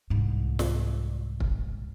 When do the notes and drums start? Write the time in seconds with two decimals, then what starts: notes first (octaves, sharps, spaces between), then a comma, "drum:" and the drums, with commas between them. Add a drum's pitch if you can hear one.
0.10 C2 G#2
0.59 drum: snare
1.40 drum: kick